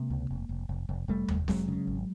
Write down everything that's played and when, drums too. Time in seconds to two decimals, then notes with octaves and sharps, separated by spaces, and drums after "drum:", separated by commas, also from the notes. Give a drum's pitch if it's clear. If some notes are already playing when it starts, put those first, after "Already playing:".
Already playing: C3 G#3 A#3
0.10 C#2
0.30 F1
0.49 F1
0.69 F1
0.89 F1
1.08 F1 G3 A3
1.28 F1, drum: tom D#2
1.48 F1 F#3 G#3, drum: snare C4
1.68 C#3
1.87 G#1